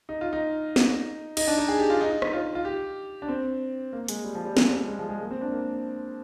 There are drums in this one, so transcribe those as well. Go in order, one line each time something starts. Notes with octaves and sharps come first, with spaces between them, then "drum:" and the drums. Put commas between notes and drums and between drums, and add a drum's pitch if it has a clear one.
D#4
F4
D#4
drum: snare
D#4, drum: cymbal
D4
D#4
G#4
G4
F4
D#4
D#4
D#4, drum: rim click
F4
F4
G4
D4
C4
A#3
G#3, drum: hi-hat
G3
F3
G3
F3, drum: snare
G3
G#3
G#3
F3
G#3
A#3
C4
D4
A#3